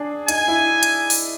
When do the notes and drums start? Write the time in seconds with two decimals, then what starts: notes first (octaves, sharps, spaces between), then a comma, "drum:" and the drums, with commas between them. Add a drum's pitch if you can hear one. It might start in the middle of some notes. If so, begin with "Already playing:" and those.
Already playing: D4 G#4
0.28 D#4 G#5, drum: hi-hat
0.48 E4
0.83 drum: hi-hat
1.10 drum: open hi-hat